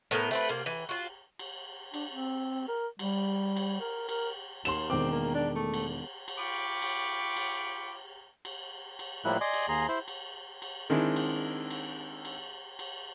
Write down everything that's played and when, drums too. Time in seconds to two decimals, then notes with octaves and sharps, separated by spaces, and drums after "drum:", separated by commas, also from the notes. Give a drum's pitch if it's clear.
0.11 A2 B3 A#4 G5
0.31 A3 C4 B4, drum: cymbal
0.49 C3 A#3
0.66 E3
0.89 F4 F#4
1.39 drum: cymbal
1.94 D4, drum: cymbal
2.11 C4
2.68 A#4
2.99 G3, drum: cymbal
3.56 drum: cymbal
3.81 A#4
4.09 A#4, drum: cymbal
4.65 D#2 C6 E7, drum: cymbal
4.90 E1 D#3 C4 D6
5.12 A#3
5.34 D4
5.55 A3
5.74 drum: cymbal
6.28 drum: cymbal
6.38 F4 G5 B5 C#6 D6
6.82 drum: cymbal
7.36 drum: cymbal
8.45 drum: cymbal
8.99 drum: cymbal
9.25 A2 F3 G3 A#3 E4 F#6
9.41 D5 D#5 G#5 C6 D#6
9.53 drum: cymbal
9.69 D#2 G#4 A#5 C6
9.88 E4 C5
10.08 drum: cymbal
10.62 drum: cymbal
10.90 D#3 G#3 C4 D4 E4
11.16 drum: cymbal
11.71 drum: cymbal
12.25 drum: cymbal
12.79 drum: cymbal